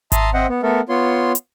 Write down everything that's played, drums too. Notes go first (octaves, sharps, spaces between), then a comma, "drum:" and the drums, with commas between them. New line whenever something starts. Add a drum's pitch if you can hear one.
E5 A5 A#5 C6 D#6, drum: kick G#1, hi-hat
C4 C5 D#5 E5 F#5
B3
A3 B3 A4 A#4
B3 F4 C#5 C6
drum: hi-hat